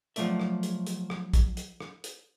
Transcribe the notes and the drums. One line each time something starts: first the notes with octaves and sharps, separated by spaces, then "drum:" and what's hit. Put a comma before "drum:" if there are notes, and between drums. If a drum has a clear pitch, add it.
F3 F#3 A3 D5 E5, drum: hi-hat
drum: rim click
drum: hi-hat
drum: hi-hat
drum: rim click
drum: kick, hi-hat
drum: hi-hat
drum: rim click
drum: hi-hat